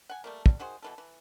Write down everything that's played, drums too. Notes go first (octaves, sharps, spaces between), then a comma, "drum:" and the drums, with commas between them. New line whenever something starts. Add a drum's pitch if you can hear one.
F#5 G#5
G3 A3 A#3
G3, drum: kick
D#3 F#4 G#4 C5
B2 E3 A4
E3